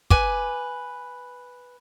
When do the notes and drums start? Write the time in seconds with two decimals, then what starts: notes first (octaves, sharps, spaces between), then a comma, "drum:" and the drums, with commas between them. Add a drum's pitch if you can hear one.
0.10 B4 G#5 D6, drum: kick